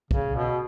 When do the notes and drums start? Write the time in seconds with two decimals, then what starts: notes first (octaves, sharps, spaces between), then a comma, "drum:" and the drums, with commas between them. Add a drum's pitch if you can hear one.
0.11 C#3, drum: kick
0.36 B2